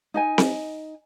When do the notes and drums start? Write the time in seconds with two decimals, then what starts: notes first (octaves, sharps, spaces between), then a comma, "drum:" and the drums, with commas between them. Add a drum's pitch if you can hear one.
0.14 D#4 D#5 G#5
0.38 drum: snare C4